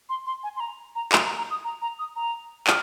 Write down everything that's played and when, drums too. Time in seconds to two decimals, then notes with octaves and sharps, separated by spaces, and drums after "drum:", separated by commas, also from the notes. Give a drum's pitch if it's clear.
0.09 C6
0.26 C6
0.43 G#5
0.56 C6
0.60 A#5
0.95 A#5
1.12 C6, drum: clap
1.25 A#5
1.38 A#5
1.50 D#6
1.64 A#5
1.82 A#5
1.99 D#6
2.16 A#5
2.67 F6, drum: clap